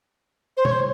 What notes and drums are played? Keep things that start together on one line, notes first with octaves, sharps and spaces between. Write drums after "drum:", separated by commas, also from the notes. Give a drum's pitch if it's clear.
C5
C#5, drum: tom B2
C5